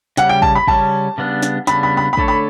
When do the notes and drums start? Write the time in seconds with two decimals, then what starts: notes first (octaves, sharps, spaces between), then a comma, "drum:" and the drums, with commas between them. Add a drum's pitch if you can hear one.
0.17 C#3 G3 C#4 F#5, drum: snare
0.29 G5
0.42 A5, drum: kick
0.55 B5
0.68 C#3 G3 C#4 A5, drum: kick
1.18 C#3 G3 B3 D4
1.43 drum: snare
1.67 C#3 G3 B3 D4 B5, drum: snare
1.83 B5
1.97 B5
2.13 B5
2.17 D3 A3 D4 A4 C#5, drum: kick
2.28 B5